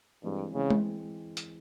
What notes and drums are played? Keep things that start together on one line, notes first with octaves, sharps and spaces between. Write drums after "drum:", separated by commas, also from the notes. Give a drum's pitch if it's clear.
G2 E3 G#3 C4
C#3 E3 G#3 C4
drum: tom G#3
drum: hi-hat